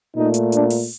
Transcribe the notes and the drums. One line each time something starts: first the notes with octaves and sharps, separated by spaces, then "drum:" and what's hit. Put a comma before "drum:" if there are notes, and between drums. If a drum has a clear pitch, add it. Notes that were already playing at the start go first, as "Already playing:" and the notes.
A#2 A3 D#4
drum: hi-hat
D4, drum: hi-hat
drum: open hi-hat